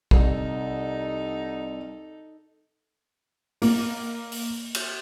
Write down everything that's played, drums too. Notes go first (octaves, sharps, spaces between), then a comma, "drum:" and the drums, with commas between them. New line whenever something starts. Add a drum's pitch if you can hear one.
C2 D#4 A4, drum: kick
A#3, drum: open hi-hat
drum: open hi-hat
drum: cymbal